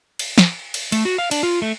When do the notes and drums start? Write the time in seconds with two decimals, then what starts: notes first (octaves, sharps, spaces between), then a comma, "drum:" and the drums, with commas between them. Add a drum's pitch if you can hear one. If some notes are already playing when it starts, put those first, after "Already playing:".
0.19 drum: cymbal
0.38 drum: snare
0.74 drum: cymbal
0.92 A3, drum: cymbal
1.05 F#4
1.18 F5
1.31 D4, drum: cymbal
1.43 F4
1.62 A3